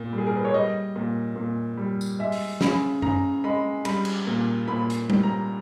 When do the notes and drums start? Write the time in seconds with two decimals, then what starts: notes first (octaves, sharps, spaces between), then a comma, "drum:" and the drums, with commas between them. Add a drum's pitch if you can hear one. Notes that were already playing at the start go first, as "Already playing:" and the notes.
Already playing: A#2
0.13 G3
0.18 G#4
0.27 A#4
0.36 B4
0.45 C#5
0.54 G3 D#5
0.96 A#2
1.36 A#2
1.77 G3
2.01 drum: tambourine
2.19 G#3 E5
2.32 drum: open hi-hat
2.61 C#3 B5, drum: snare
3.02 C#3 A#5, drum: tom F#2
3.44 G#3 B5
3.85 G3 B5, drum: cymbal
4.05 drum: cymbal
4.27 A#2
4.68 A#2 B5
4.90 drum: hi-hat
5.10 G3, drum: tom G3
5.23 A#5